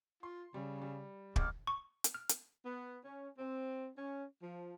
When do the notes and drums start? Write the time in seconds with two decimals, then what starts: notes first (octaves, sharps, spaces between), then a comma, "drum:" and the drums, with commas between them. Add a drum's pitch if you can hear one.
0.23 F4 C6
0.54 C#3 G3
0.82 G3
1.36 A1 E2 D6 F6, drum: kick
1.67 C#6
2.04 drum: hi-hat
2.14 F6
2.29 drum: hi-hat
2.65 B3
3.05 C#4
3.38 C4
3.98 C#4
4.42 F3